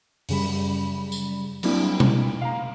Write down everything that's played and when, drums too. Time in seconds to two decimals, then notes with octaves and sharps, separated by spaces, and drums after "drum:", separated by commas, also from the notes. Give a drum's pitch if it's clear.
0.29 F#2 C#3 G3 B5, drum: open hi-hat
1.12 drum: tambourine
1.63 F#3 G3 A#3 C4 D4 E4, drum: cymbal
2.00 drum: tom B2
2.42 F5 A#5